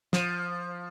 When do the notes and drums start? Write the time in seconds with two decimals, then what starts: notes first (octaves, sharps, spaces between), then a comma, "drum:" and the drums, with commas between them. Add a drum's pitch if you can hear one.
0.13 F3, drum: snare